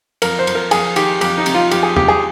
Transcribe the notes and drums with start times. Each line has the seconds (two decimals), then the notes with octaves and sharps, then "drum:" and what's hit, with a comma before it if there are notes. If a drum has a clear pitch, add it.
0.22 F2 A#4, drum: cymbal
0.39 C5
0.47 F2, drum: cymbal
0.55 A#4
0.71 F2 G#4, drum: cymbal
0.96 D#3 G4, drum: cymbal
1.21 F2 G4, drum: cymbal
1.38 D#4
1.46 C3, drum: cymbal
1.54 F4
1.71 F2 G4, drum: cymbal
1.83 G#4
1.96 F2 G4, drum: tom E2
2.08 G#4